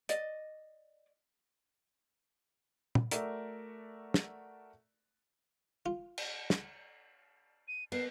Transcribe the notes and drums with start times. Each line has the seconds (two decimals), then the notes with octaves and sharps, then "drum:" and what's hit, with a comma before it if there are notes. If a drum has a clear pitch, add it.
0.09 D5 D#5, drum: hi-hat
2.95 drum: tom
3.11 A3 F#4 A#4 D5 E5, drum: hi-hat
4.14 drum: snare
5.86 F4
6.18 drum: cymbal
6.50 drum: snare
7.68 D#7
7.92 B3 A#4 C7, drum: cymbal